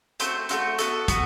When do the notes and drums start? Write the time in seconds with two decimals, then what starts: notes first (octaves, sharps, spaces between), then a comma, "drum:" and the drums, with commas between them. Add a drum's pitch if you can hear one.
0.20 A3 C4 F#4 C5, drum: hi-hat
0.49 A3 C4 F#4 C5, drum: hi-hat
0.79 B3 F#4 A4, drum: hi-hat
1.08 B3 F#4, drum: kick, hi-hat